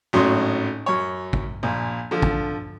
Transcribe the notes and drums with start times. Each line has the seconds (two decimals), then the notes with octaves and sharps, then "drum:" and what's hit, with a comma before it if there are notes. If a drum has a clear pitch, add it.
0.13 G#1 A2 F#3 C#4 D#5 C6
0.86 F#2 C#5
1.33 drum: kick
1.63 A#1 A#2
2.11 D3 F3
2.22 drum: kick